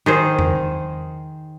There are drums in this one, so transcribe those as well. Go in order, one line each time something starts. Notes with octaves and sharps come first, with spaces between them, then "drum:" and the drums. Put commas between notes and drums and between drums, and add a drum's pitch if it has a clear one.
D#3 G#4 C5
drum: tom E2